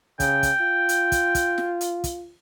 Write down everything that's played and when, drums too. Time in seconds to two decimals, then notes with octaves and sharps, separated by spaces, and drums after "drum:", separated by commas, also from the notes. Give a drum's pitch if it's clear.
0.20 C#3 G5, drum: kick, hi-hat
0.43 drum: kick, hi-hat
0.61 F4
0.89 drum: hi-hat
1.12 drum: kick, hi-hat
1.35 drum: kick, hi-hat
1.58 drum: snare
1.81 drum: hi-hat
2.04 drum: kick, hi-hat